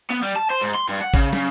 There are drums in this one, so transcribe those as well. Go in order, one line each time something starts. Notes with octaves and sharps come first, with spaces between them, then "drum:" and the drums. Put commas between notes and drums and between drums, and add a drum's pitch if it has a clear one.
B3
G3
A5
C5
G#2
C6
G2
F#5
C#3, drum: kick A1
C#3, drum: tom